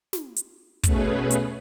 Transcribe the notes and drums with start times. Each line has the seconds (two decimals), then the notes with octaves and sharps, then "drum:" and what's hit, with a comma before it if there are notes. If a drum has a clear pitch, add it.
0.13 drum: snare
0.36 drum: hi-hat
0.84 B2 A3 C#4 G#4 B4, drum: kick, hi-hat
1.31 drum: hi-hat